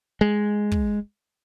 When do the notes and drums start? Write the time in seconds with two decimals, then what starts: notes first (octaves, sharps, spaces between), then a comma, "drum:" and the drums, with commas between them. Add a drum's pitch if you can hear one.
0.21 G#3
0.72 drum: kick